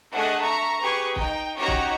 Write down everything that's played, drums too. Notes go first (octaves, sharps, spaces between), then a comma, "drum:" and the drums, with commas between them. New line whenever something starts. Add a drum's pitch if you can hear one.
A3 D4 G#4 D#5 F#5
E5 A#5 C#6
G4 G#4 B4 C#6
D#4 G5, drum: kick
C#4 D#4 F#4 G4 C#5 A#5
drum: kick